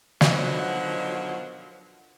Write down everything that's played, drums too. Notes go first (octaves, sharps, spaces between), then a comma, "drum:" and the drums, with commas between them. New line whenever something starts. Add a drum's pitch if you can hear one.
B2 D3 D#3 F3 F#3, drum: snare